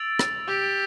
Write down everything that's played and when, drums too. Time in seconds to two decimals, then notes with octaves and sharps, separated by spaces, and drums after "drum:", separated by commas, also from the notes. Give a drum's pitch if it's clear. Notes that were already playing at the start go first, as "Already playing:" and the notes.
Already playing: E6 A6 D7 F7
0.19 drum: rim click
0.48 G4